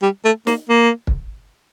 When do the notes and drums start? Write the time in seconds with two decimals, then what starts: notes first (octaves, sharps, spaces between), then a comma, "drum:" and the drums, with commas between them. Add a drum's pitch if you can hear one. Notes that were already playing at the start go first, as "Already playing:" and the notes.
0.02 G3
0.25 A3
0.47 A#3, drum: snare
0.69 A#3
1.07 drum: kick